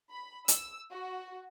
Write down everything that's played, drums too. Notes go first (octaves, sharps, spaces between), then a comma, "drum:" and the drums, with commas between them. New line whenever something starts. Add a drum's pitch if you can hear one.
B5
E6, drum: hi-hat
F#4